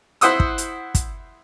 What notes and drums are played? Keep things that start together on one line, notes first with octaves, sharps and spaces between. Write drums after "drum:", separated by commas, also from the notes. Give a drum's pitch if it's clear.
E4 C5 F#5 D#6 E6, drum: hi-hat
drum: kick
drum: hi-hat
drum: kick, hi-hat